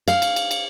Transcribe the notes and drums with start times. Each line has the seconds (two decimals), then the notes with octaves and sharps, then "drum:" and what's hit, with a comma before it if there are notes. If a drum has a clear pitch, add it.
0.08 F5, drum: cymbal
0.22 drum: cymbal
0.36 drum: cymbal
0.51 drum: cymbal